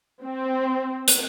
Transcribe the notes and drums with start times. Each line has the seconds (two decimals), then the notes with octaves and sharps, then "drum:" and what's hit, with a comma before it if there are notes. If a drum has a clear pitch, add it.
0.24 C4
1.08 drum: hi-hat